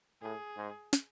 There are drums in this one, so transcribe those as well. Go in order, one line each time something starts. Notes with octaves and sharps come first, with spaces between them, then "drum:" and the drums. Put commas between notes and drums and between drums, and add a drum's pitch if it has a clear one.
A2 G#4
G#2
drum: snare